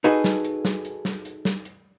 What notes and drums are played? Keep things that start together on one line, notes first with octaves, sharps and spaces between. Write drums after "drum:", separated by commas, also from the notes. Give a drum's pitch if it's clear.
D#4 F#4 G#4 A4 B4 D#5, drum: hi-hat
drum: snare
drum: hi-hat
drum: snare
drum: hi-hat
drum: snare
drum: hi-hat
drum: snare
drum: hi-hat